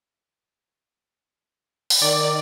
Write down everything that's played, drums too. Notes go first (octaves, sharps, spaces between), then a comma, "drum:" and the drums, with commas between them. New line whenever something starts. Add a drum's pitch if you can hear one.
drum: open hi-hat
D#3 D5